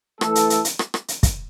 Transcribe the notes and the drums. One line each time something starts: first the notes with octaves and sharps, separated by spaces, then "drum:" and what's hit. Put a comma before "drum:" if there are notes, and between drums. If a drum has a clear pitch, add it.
E3 A3 E4 A4, drum: rim click
drum: hi-hat
drum: hi-hat
drum: hi-hat
drum: rim click
drum: rim click
drum: hi-hat
drum: kick, hi-hat